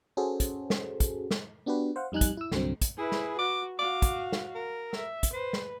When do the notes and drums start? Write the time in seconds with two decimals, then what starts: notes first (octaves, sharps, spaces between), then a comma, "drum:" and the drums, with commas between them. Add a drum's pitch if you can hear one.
0.17 C#4 F#4 G#4 A4 C5
0.40 drum: kick, hi-hat
0.70 drum: snare
1.00 drum: kick, hi-hat
1.31 drum: snare
1.66 B3 D4 F#4 G4 B4
1.96 C5 F5 F#5
2.12 F2 G3 D#4 G#5 F#6
2.21 drum: kick, hi-hat
2.37 E4 E6
2.52 C2 G2 D3 F#3 C4, drum: snare
2.82 drum: kick, hi-hat
2.98 E4 G#4 B4
3.12 drum: snare
3.38 F#4 D6
3.79 F#4 F5 D6
4.02 drum: kick, hi-hat
4.32 drum: snare
4.55 A#4
4.93 E5, drum: snare
5.23 drum: kick, hi-hat
5.33 B4 C5
5.53 drum: snare